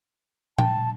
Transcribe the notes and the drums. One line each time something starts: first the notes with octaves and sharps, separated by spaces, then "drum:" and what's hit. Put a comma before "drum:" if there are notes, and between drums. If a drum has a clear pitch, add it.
G5 A5, drum: tom A#2